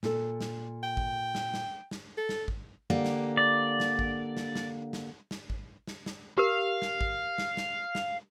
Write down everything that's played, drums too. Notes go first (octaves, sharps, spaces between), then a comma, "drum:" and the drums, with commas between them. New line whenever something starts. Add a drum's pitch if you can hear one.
A#2 A4, drum: snare
drum: snare
G5
drum: kick G#1
drum: snare
drum: snare
drum: snare
A4
drum: snare
drum: kick G#1
D3 A#3 G4
drum: snare
D5
drum: snare
drum: kick G#1
drum: snare
drum: snare
drum: snare
drum: snare
drum: kick G#1
drum: snare
drum: snare
G4 A#4 F5
drum: snare
drum: kick G#1
drum: snare
drum: snare
drum: snare